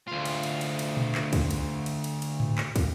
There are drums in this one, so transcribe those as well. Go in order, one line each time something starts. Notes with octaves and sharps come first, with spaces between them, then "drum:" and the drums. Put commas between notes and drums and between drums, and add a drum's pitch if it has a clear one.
D2 F4
drum: cymbal
drum: cymbal
drum: cymbal
drum: cymbal
drum: tom A#2
drum: clap
drum: kick, cymbal
drum: cymbal
drum: cymbal
drum: cymbal
drum: cymbal
drum: tom G#2
drum: clap
drum: kick, cymbal